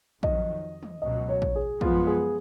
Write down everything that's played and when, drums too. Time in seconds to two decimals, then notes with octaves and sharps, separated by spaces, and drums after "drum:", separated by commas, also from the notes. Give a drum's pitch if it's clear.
0.23 F2 D#3 F#3 D#5, drum: kick
0.83 drum: tom
1.02 C#2 B2 F#3 D#5
1.29 C#5
1.42 drum: kick
1.56 G#4
1.81 F#2 F3 G#3 B3 F4, drum: kick
2.07 G#4